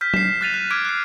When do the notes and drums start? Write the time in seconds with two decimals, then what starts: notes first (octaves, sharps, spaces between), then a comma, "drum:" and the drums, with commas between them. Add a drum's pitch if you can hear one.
0.01 F6 G6 B6
0.14 C7 E7, drum: tom
0.41 F6 F#6 A6 B6 D#7 F7
0.54 F#6
0.71 D6 F6 F#6 G#6 D7
0.85 F#6 C7